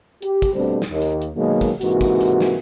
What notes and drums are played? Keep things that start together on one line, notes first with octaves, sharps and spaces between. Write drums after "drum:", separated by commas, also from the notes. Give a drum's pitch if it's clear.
G4, drum: hi-hat
drum: kick, hi-hat
B2 G3 A3 C4 D4 C5
drum: snare
D#2
drum: hi-hat
drum: hi-hat
B2 D#3 F#3 G#3 A#3
drum: kick, hi-hat
G#2 C3 E3 A#3 F#4, drum: hi-hat
drum: kick, hi-hat
drum: hi-hat
drum: snare